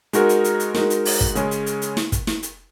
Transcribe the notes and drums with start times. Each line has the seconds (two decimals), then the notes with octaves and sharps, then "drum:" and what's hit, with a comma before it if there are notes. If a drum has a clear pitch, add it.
0.13 G#3 D#4 F#4 A#4, drum: hi-hat
0.29 drum: hi-hat
0.44 drum: hi-hat
0.60 drum: hi-hat
0.75 G#3 D#4 F#4 A#4, drum: snare
0.90 drum: hi-hat
1.05 drum: open hi-hat
1.21 drum: kick
1.35 C#3 G#3 C#4, drum: hi-hat
1.51 drum: hi-hat
1.66 drum: hi-hat
1.82 drum: hi-hat
1.97 drum: snare
2.12 drum: kick, hi-hat
2.27 drum: snare
2.43 drum: hi-hat